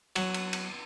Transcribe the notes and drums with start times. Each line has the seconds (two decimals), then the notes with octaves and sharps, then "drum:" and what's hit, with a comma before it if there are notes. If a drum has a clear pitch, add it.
0.16 F#3, drum: cymbal
0.34 drum: cymbal
0.53 drum: cymbal